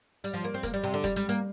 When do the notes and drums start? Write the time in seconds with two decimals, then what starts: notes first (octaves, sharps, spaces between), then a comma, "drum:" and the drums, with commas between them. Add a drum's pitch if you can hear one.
0.24 G3, drum: hi-hat
0.34 F3
0.44 A#3
0.54 C4
0.63 A#3, drum: kick, hi-hat
0.74 G3
0.83 C3
0.94 D3
1.04 G3, drum: kick, hi-hat
1.16 G3, drum: hi-hat
1.29 A#3, drum: hi-hat